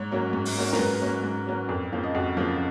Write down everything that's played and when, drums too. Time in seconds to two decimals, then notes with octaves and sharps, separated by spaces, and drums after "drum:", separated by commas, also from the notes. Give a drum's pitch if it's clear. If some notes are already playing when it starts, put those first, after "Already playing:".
Already playing: G#2 C#5
0.11 F#3 A#3 C#4
0.33 G#2
0.45 drum: open hi-hat
0.56 F#3 A#3 C#4
0.72 A#4, drum: snare
0.78 G#2 B4
1.01 F#3 A#3 C#4
1.24 G#2
1.46 F#3 A#3 C#4
1.69 F2 A#4
1.92 C#3 F3 A#3 F5
2.04 D#5
2.15 F2 F#4
2.37 C#3 F3 A#3 F4